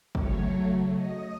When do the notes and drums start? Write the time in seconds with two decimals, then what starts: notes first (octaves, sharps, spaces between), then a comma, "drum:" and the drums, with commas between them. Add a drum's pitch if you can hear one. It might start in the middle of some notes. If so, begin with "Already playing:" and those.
0.15 C#3 F#3 A3 C#5, drum: kick
0.91 D#5